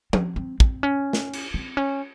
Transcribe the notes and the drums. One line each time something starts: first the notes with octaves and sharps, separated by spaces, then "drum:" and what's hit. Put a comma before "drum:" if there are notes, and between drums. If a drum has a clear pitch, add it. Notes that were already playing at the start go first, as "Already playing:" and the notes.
C4, drum: tom
C4
C4, drum: kick
C#4
drum: snare
drum: cymbal
C4
C#4